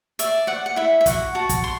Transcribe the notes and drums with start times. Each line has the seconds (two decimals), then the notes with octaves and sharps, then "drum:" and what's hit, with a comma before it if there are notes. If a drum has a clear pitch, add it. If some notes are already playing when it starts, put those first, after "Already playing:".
0.19 D5 E5, drum: hi-hat
0.47 D5 F#5
0.66 F#5
0.76 E4 E5
1.01 E5
1.06 F#4 F#5, drum: kick, hi-hat
1.35 F#4 A5
1.49 drum: kick, hi-hat
1.64 C6